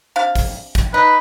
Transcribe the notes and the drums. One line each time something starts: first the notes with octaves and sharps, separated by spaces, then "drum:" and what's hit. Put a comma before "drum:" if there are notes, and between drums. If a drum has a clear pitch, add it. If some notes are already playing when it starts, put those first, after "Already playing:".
C3 D4 F5
drum: kick, open hi-hat
drum: kick, hi-hat
D#4 B4